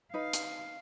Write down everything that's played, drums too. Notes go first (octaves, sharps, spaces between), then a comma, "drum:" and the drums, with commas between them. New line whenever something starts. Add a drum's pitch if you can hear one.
D#4 B4 F5
drum: hi-hat